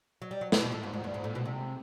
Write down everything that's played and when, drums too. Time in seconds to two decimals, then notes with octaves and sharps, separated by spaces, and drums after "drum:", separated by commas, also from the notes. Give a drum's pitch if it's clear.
0.22 F#3
0.31 G3
0.41 F#3
0.52 E3, drum: snare
0.62 B2
0.72 A2
0.83 G#2
0.93 G#2
1.04 G2
1.14 G#2
1.24 A2
1.35 B2
1.45 C3